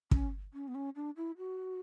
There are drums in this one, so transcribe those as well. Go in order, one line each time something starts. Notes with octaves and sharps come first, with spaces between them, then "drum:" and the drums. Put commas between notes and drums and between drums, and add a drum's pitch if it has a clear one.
C#4, drum: kick
C#4
B3
C#4
D4
E4
F#4